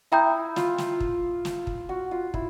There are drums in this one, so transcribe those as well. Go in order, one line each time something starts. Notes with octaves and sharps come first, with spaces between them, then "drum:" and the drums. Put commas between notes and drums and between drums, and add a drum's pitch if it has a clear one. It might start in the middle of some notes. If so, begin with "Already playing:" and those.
E4 E5 G5 A#5 D#6 G6
F4, drum: snare
drum: snare
drum: kick
drum: snare
drum: kick
F#4
F4
E4, drum: kick